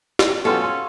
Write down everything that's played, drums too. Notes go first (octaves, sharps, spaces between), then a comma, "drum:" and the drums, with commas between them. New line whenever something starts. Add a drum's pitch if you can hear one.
drum: snare
F#3 B3 C#4 F4 G4 A4
G#5 C6